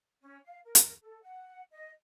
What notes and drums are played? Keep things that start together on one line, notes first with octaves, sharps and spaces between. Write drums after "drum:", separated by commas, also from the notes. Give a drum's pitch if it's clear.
C#4
F5
A#4
drum: hi-hat
A4
F#5
D#5